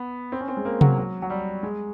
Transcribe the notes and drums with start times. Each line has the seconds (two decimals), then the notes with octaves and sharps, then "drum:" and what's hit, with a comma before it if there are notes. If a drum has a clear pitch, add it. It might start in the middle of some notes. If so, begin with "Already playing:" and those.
Already playing: B3
0.32 C4
0.40 C#4
0.48 C4
0.57 G#3
0.65 A#3
0.81 F#3, drum: tom C3
0.98 F#3
1.22 F#3
1.30 G3
1.63 G#3